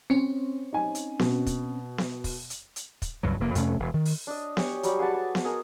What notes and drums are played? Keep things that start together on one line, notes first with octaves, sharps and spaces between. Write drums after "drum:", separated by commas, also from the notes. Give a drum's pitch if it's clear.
C4 C#4 C#7
D#4 G#5
drum: hi-hat
B2, drum: snare B3
drum: kick, hi-hat
drum: snare B3
drum: kick, open hi-hat
drum: hi-hat
drum: hi-hat
drum: kick, hi-hat
C#2 G2 F#3
F1 A#3
F2 C3 A3 C#4, drum: hi-hat
E1
D#3
drum: open hi-hat
D4 D#5
G4 C#5 G#5, drum: snare B3
F#3 G3 F#4 G4, drum: hi-hat
G#4 B4 F#5 A5
D6
drum: snare B3
G#4 A#4 D#5